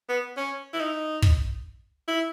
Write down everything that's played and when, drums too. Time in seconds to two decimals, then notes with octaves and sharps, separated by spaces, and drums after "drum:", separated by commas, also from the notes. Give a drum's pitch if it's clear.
0.09 B3
0.37 C#4
0.73 E4
0.80 D#4
1.22 drum: kick
2.08 E4